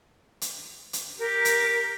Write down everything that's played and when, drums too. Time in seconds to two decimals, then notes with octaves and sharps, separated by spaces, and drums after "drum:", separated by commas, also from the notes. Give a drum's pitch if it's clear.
0.41 drum: hi-hat
0.93 drum: hi-hat
1.19 G4 A#4
1.45 drum: hi-hat